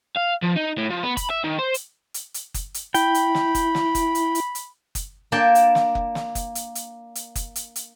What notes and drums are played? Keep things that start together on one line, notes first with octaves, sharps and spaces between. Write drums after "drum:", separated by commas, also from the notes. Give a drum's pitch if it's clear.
F5
F3
D#4
A2
F3
B3
B5, drum: kick F#1, hi-hat
E5
D#3
C5
drum: hi-hat
drum: hi-hat
drum: hi-hat
drum: kick F#1, hi-hat
drum: hi-hat
E4 G5 B5, drum: hi-hat
drum: hi-hat
drum: snare
drum: kick F#1, hi-hat
drum: snare
drum: kick F#1, hi-hat
drum: hi-hat
drum: hi-hat
drum: hi-hat
drum: kick F#1, hi-hat
A#3 D4 D5 G5 A5
drum: hi-hat
drum: snare
drum: kick F#1
drum: snare
drum: kick F#1, hi-hat
drum: hi-hat
drum: hi-hat
drum: hi-hat
drum: kick F#1, hi-hat
drum: hi-hat
drum: hi-hat